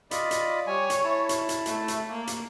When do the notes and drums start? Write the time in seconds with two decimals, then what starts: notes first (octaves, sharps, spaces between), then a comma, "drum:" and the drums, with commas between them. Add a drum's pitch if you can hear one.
0.11 F4 D5 D#5 B5, drum: hi-hat
0.31 drum: hi-hat
0.67 G3 C#5 G#5
0.90 drum: hi-hat
1.04 E4 A5
1.29 drum: hi-hat
1.49 drum: hi-hat
1.66 A3, drum: hi-hat
1.88 drum: hi-hat
2.12 A#3
2.27 drum: hi-hat